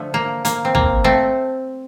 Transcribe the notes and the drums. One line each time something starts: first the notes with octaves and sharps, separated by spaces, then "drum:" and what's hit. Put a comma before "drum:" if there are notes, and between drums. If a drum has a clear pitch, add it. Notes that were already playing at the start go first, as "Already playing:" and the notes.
Already playing: D3 F3 A3
A#3
A#3, drum: hi-hat
C4
A#3, drum: kick
A3 C4